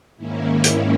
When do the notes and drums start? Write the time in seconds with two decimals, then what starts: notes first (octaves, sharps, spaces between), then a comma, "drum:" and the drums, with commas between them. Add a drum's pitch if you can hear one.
0.17 G#2 D#3 A#3 C#4 E4
0.52 E4
0.64 drum: hi-hat